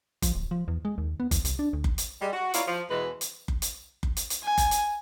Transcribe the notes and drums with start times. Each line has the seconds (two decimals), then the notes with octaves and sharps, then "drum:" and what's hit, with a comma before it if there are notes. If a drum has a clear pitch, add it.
0.22 F3, drum: kick F#1, hi-hat
0.35 D1
0.51 F3
0.68 E2
0.85 G#3
0.98 D#2
1.20 B3
1.31 E2, drum: kick F#1, hi-hat
1.45 C2, drum: hi-hat
1.59 D4
1.73 D2
1.84 drum: kick F#1
1.98 drum: hi-hat
2.20 G3 G#3
2.33 F#4
2.54 A#3 E4 F4 C#5 D5, drum: hi-hat
2.66 F3
2.89 E2 B2 E3 G#3 B4
3.21 drum: hi-hat
3.48 drum: kick F#1
3.62 drum: hi-hat
4.03 drum: kick F#1
4.17 drum: hi-hat
4.30 drum: hi-hat
4.44 G#5
4.58 drum: kick F#1, hi-hat
4.71 drum: hi-hat